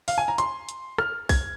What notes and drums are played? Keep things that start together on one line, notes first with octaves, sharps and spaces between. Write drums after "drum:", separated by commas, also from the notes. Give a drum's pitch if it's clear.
F5, drum: open hi-hat
G#5
A#5
C6, drum: hi-hat
drum: hi-hat
F6, drum: rim click
G#6, drum: kick, open hi-hat